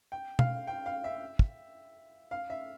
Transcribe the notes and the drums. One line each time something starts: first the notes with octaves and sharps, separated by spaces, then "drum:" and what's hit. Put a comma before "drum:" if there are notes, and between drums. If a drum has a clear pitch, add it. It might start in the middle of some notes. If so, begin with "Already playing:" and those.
G5
F5, drum: tom B2
G5
F5
E5
drum: kick
F5
E5